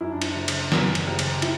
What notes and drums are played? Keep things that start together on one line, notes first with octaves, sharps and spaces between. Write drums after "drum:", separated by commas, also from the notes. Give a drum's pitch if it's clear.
F#2 E4
D4
E4, drum: cymbal
F#1
drum: cymbal
F#2, drum: snare
drum: cymbal
F#1 G4
drum: cymbal
E4, drum: cymbal